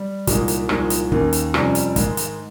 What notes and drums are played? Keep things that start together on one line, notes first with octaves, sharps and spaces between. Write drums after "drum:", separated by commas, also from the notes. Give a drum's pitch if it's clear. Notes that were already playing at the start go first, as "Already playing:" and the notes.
Already playing: G3
C2 A#2 G#3 D#4, drum: kick, hi-hat
drum: hi-hat
C2 A#2 F3 G#3 D#4, drum: rim click
drum: hi-hat
D#2 D#3 A#3 C#4, drum: kick
drum: hi-hat
F2 C3 G3 C#4, drum: rim click
drum: hi-hat
G#2 D#3 G#3, drum: kick, hi-hat
drum: hi-hat